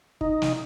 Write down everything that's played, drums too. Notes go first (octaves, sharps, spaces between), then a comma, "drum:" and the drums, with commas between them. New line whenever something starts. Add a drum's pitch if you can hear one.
D#4, drum: kick
drum: snare